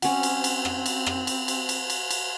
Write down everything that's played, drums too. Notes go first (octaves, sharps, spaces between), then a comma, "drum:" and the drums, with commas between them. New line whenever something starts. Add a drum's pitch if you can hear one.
F#3 C4 C#4 F#5, drum: cymbal
drum: cymbal
drum: cymbal
drum: rim click
drum: cymbal
drum: rim click
drum: cymbal
drum: cymbal
drum: cymbal
drum: cymbal
drum: cymbal